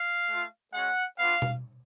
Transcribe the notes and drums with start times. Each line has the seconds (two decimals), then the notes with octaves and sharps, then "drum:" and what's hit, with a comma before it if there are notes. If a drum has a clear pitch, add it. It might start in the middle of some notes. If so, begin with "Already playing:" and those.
Already playing: F5
0.28 A3 F4
0.73 G#3 C#4 F#4 F#5
1.18 B3 D4 F4 F5
1.42 drum: tom B2